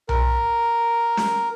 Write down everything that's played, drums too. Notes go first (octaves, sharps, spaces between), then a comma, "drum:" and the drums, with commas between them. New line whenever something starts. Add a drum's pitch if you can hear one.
A#4, drum: tom B1
drum: snare